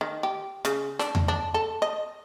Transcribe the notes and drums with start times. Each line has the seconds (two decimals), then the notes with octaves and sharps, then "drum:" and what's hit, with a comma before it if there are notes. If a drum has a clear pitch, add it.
0.01 D#3
0.23 G4
0.65 C#3, drum: hi-hat
0.99 D4, drum: snare
1.15 drum: tom E2
1.28 D4
1.54 A4
1.82 D#5